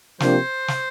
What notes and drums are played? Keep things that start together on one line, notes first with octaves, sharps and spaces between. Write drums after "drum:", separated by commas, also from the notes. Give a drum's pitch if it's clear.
C3 F3 A#3 D4 G4 C5, drum: snare
drum: snare